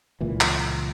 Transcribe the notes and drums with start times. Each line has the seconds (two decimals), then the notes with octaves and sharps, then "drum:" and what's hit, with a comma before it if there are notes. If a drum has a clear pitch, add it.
0.21 C#2 A#2 E3
0.41 drum: clap